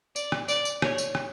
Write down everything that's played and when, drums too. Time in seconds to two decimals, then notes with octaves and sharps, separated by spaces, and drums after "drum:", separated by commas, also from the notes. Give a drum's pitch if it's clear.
0.16 D5, drum: tambourine
0.32 drum: rim click
0.48 D5, drum: tambourine
0.65 drum: tambourine
0.82 C#5, drum: rim click
0.98 drum: tambourine
1.15 drum: rim click